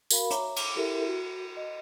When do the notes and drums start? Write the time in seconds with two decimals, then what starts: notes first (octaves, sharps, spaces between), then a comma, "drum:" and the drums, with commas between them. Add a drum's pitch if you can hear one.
0.11 F#4 A#4 F5 B5, drum: tambourine
0.30 C#5 E5 A#5 D6, drum: hi-hat
0.56 D6, drum: cymbal
0.76 E4 G4 A4 A#4 E5
1.06 F#4
1.57 D#5